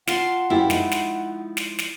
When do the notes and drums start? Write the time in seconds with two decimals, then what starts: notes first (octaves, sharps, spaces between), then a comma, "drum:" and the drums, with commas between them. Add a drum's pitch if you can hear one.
0.07 F4 F#5 A5 C6, drum: snare
0.50 F#2 E4 F4 G4
0.70 F3 G#3 D#4, drum: snare
0.91 drum: snare
1.57 drum: snare
1.79 drum: snare